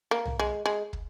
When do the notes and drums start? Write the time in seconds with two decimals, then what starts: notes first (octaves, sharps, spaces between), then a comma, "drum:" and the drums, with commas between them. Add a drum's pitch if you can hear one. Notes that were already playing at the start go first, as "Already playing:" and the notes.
0.11 A#3
0.25 drum: tom
0.39 G#3
0.66 G#3
0.93 drum: kick